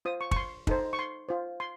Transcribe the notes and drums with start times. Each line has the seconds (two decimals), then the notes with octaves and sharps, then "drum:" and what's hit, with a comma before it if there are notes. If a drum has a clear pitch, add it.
0.05 F4 C5 D#6
0.21 C#6
0.31 C#6, drum: kick
0.36 C6
0.67 D#4 A4 C5, drum: kick
0.93 C#6
0.99 C6
1.29 F4 C5
1.60 C6